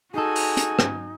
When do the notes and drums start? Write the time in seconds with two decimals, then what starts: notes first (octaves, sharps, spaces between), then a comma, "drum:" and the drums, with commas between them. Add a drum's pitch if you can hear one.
0.14 D#4 F#4 G#4 A4 G#5
0.36 drum: open hi-hat
0.57 drum: hi-hat
0.79 drum: rim click